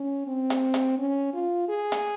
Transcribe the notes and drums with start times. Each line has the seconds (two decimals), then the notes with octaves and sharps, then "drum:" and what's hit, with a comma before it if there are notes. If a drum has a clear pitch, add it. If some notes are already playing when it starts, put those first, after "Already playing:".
Already playing: C#4
0.27 C4
0.50 drum: hi-hat
0.74 drum: hi-hat
0.98 C#4
1.33 F4
1.69 G#4
1.92 drum: hi-hat